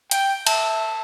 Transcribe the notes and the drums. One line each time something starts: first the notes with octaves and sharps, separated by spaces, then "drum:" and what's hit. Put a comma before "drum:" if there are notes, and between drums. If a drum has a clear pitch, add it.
G5, drum: hi-hat
E5 A5, drum: cymbal